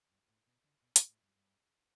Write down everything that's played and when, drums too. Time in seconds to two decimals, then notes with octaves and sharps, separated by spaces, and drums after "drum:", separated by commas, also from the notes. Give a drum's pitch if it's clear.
0.10 G2
0.28 A2
0.47 B2
0.65 D3
0.82 B2
0.96 G2, drum: hi-hat
1.08 A2
1.22 G2
1.36 G2